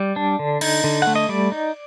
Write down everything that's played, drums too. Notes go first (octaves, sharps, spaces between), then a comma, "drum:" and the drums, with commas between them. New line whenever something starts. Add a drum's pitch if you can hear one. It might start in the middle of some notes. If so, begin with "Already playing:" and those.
Already playing: G3 D5
D4
D3
D#4, drum: cymbal
D3
A3 F#5
D#5
G3 D5
D#4